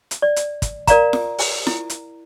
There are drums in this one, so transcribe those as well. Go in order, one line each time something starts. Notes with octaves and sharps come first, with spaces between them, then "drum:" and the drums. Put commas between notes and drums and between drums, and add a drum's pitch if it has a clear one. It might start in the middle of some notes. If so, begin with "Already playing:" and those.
drum: hi-hat
D5
drum: hi-hat
drum: kick, hi-hat
A#4 D5 F5 A#5, drum: kick, hi-hat
drum: snare F4
drum: open hi-hat
E4, drum: snare F4
drum: hi-hat